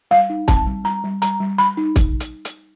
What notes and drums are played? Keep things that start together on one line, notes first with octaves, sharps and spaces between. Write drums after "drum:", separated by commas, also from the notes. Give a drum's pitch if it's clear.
G3 F5
D#4
C4 A5, drum: kick, hi-hat
G3
G3 A#5
G3
G3 A#5, drum: hi-hat
G3
G3 B5
D#4
drum: kick, hi-hat
drum: hi-hat
drum: hi-hat